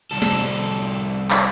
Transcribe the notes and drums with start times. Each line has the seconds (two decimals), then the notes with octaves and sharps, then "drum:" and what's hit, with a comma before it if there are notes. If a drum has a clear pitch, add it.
0.12 C2 A4
0.22 drum: snare
1.31 drum: clap